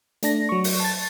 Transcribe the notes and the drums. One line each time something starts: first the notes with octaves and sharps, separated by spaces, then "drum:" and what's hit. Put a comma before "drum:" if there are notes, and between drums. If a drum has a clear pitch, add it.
A3 D4 A#6, drum: hi-hat
F#3 C#6
drum: open hi-hat
A5 A6